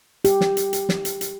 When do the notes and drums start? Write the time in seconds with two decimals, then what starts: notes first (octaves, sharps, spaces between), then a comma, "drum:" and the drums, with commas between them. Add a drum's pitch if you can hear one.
0.25 G4, drum: hi-hat
0.41 drum: snare
0.57 drum: hi-hat
0.73 drum: hi-hat
0.89 drum: snare
1.05 drum: hi-hat
1.21 drum: hi-hat